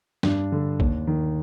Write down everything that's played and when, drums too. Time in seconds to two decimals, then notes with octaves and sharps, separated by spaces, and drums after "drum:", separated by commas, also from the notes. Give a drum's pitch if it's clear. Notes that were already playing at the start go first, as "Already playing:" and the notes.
0.23 G2 D4, drum: snare
0.52 D3
0.80 D#2, drum: kick
1.07 D#3